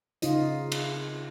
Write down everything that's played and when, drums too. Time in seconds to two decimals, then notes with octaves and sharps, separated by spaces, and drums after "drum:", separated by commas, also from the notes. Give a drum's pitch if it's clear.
0.22 C#3 D#4 F4 D#5, drum: hi-hat
0.72 drum: cymbal